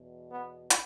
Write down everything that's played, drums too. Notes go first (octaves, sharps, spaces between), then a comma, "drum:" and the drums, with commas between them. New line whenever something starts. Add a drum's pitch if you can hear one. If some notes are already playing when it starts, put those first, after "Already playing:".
Already playing: E2 B2
B3
drum: hi-hat